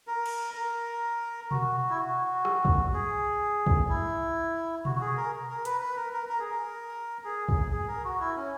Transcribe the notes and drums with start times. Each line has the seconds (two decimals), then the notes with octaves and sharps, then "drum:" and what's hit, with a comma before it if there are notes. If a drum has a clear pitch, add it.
0.07 A#4
0.26 drum: cymbal
0.54 A#4
1.51 F#4, drum: tom B2
1.90 E4
1.98 F#4
2.45 drum: rim click
2.65 drum: kick
2.93 G#4
3.67 drum: kick
3.89 E4
4.85 F#4, drum: tom B2
4.96 F#4
5.01 G#4
5.17 A#4
5.50 A#4
5.65 B4, drum: hi-hat
5.81 B4
5.96 A#4
6.13 A#4
6.29 A#4
6.40 G#4
6.50 A#4
7.24 G#4
7.49 G#4, drum: kick
7.72 G#4
7.88 A#4
8.05 F#4
8.20 E4
8.36 C#4